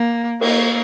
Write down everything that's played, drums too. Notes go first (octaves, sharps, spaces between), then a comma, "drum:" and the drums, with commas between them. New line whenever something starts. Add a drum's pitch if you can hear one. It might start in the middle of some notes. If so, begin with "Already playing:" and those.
Already playing: A#3
A#3, drum: cymbal